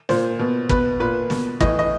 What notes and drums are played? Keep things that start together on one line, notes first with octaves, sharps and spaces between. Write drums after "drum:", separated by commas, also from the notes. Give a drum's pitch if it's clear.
A#2 C5, drum: snare
B2
B2 B4, drum: kick
A#2 B4
B2, drum: snare
A2 E3 D#5, drum: kick
D#5